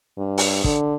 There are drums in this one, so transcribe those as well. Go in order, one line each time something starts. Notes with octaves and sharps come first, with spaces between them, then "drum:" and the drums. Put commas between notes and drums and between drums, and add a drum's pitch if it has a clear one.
G2
drum: open hi-hat
D3, drum: kick